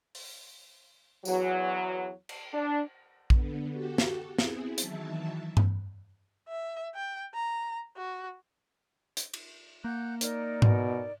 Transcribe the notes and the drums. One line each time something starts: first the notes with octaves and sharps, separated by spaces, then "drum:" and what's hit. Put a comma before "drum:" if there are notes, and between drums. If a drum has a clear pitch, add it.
drum: open hi-hat
E2 F#3, drum: tambourine
drum: cymbal
D4
D3 B3, drum: kick A#1
F#4 G4 A4
drum: snare
B3 C4 E4 G#4, drum: snare
D#3 E3 F#3 E5 A5, drum: hi-hat
drum: tom G2
E5
G5
A#5
F#4
drum: hi-hat
drum: cymbal
A#3 F#5 F#6 G6
D#4 A#4 D5, drum: hi-hat
B2, drum: tom G#2